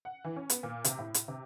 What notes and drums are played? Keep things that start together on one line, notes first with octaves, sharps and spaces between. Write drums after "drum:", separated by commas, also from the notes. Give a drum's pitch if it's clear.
F#5
E3
C#4
B3, drum: hi-hat
A#2
C3, drum: hi-hat
A2
drum: hi-hat
C3